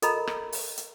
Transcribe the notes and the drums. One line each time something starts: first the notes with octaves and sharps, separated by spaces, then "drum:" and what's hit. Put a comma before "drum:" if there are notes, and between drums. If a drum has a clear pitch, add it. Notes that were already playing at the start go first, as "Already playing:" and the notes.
A4 A#4 D#5 A#5 B5, drum: hi-hat
drum: rim click
drum: open hi-hat
drum: hi-hat